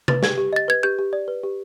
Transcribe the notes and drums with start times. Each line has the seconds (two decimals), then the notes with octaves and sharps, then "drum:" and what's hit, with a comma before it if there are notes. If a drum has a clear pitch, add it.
0.08 B4 A6, drum: tom C3
0.23 G4 G#6, drum: snare
0.38 G4
0.53 D#5 A6
0.68 B4 G#6
0.83 G4 G6
0.99 G4
1.13 D5
1.28 B4
1.44 G4